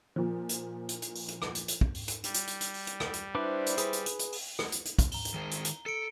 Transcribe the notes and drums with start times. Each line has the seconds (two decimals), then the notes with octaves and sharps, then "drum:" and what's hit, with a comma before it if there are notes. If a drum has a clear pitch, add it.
0.16 A#2 F3
0.49 drum: hi-hat
0.89 drum: hi-hat
1.02 drum: hi-hat
1.15 drum: open hi-hat
1.28 drum: hi-hat
1.42 drum: rim click
1.55 drum: hi-hat
1.68 drum: hi-hat
1.81 drum: kick
1.95 drum: open hi-hat
2.08 drum: hi-hat
2.24 G3, drum: hi-hat
2.34 drum: hi-hat
2.47 drum: hi-hat
2.61 drum: hi-hat
2.74 drum: open hi-hat
2.87 drum: hi-hat
3.00 drum: rim click
3.13 drum: hi-hat
3.35 D4 E4 B4 C5 D5
3.66 drum: hi-hat
3.78 G#4 B4, drum: hi-hat
3.93 drum: hi-hat
4.06 drum: hi-hat
4.19 drum: hi-hat
4.32 drum: open hi-hat
4.59 drum: rim click
4.72 drum: hi-hat
4.85 drum: hi-hat
4.99 drum: kick, hi-hat
5.12 A#5 G7, drum: open hi-hat
5.25 drum: hi-hat
5.34 D#3 G#3 C5
5.51 drum: hi-hat
5.65 drum: hi-hat
5.86 A4 C#7 D7